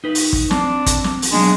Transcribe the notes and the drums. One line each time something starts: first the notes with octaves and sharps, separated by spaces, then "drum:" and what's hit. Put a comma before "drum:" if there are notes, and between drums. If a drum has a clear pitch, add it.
D#4 B4
drum: open hi-hat
drum: kick
C4 D4, drum: snare
drum: kick, hi-hat
drum: snare
drum: open hi-hat
F#3 G#3 B3 D4